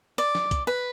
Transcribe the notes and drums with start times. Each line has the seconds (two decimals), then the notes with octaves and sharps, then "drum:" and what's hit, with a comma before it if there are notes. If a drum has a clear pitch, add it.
0.18 D5, drum: hi-hat
0.35 drum: snare
0.51 drum: kick C2, hi-hat
0.67 B4